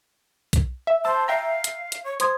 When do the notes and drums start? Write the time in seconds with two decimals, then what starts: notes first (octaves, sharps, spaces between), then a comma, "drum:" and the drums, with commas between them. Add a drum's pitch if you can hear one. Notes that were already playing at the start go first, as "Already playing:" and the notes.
0.53 drum: kick, hi-hat
0.87 E5
1.05 C5 A5 E6
1.28 E5 F5 G5 A#5
1.64 drum: hi-hat
1.92 drum: hi-hat
2.04 C#5
2.20 C5 C6 D#6 G#6, drum: hi-hat